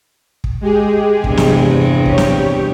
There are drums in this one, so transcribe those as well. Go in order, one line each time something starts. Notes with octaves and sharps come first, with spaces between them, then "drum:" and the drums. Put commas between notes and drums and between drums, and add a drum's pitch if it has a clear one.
drum: kick
G#3 G4 G#4
E2 G2 C3, drum: kick
drum: snare
G4 C#5, drum: kick
drum: snare